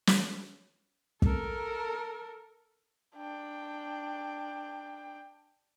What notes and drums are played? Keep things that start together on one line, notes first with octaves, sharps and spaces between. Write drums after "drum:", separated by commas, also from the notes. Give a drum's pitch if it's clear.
drum: snare
A4 A#4, drum: kick
D4 G5